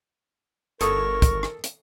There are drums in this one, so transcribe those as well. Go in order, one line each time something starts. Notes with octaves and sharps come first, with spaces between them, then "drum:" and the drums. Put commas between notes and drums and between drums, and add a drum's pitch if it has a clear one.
G1 A4 A#4 C#6 D#6, drum: hi-hat
drum: kick, hi-hat
drum: rim click
drum: hi-hat